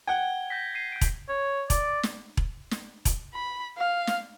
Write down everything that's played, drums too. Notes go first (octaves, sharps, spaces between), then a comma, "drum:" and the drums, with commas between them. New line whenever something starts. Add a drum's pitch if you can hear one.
F#5 G5 G#6 G7
G6 A#6 B6
C7 D#7
G6 D7
drum: kick E1, hi-hat
C#5
D5, drum: kick E1, hi-hat
drum: snare
drum: kick E1
drum: snare
drum: kick E1, hi-hat
B5
F5
drum: snare